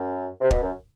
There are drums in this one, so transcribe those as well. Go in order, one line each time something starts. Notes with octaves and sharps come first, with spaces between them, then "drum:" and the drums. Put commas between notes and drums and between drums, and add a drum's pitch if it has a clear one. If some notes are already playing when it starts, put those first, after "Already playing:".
Already playing: F#2
C3
B2, drum: kick
F#2